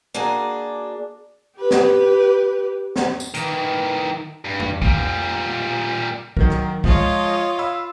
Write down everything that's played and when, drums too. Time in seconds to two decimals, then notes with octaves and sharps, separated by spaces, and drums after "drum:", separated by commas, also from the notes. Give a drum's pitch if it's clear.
0.15 A#3 D4 F#4 G#4
1.58 G4 B4
1.71 drum: snare
2.96 drum: snare
3.20 drum: tambourine
3.34 D#3 E3, drum: hi-hat
4.45 G2
4.60 drum: tom F2
4.82 A#2 G3, drum: kick
6.37 D#3 F#3 A#4, drum: kick
6.50 drum: rim click
6.84 F3 G#3 F4 C#5 D#5, drum: kick
7.59 F5 B5 E6